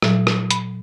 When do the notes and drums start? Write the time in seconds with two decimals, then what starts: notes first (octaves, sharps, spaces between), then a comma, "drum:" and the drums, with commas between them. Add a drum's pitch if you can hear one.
0.02 A#2 F#3, drum: rim click
0.27 drum: rim click
0.51 B5, drum: hi-hat